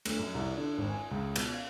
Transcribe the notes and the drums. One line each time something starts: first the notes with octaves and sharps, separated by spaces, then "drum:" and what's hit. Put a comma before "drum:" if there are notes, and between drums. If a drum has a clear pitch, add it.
D2, drum: cymbal
F#2
C2
D3
G#1
G#5
C#2
B2, drum: cymbal
F5